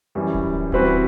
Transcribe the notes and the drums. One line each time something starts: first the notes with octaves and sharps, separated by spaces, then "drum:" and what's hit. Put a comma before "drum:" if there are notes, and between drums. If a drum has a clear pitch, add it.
F#2 E3 G3
drum: kick D1
E3 G3 C4 F#4 B4, drum: kick D1